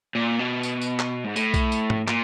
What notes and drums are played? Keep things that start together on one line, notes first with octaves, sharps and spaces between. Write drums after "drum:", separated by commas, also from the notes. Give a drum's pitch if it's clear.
A#2
B2
drum: tambourine
drum: tambourine
drum: clap
G#2
A2, drum: tambourine
drum: kick B1, tambourine
drum: tambourine
drum: tom G#2
A#2, drum: clap